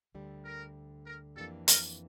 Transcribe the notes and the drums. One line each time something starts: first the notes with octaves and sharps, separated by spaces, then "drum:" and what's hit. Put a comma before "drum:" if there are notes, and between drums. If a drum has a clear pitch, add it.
D2 D3 G3
A#4
A#4
F2 E3 A#3 D4 G4 A4
A#4, drum: hi-hat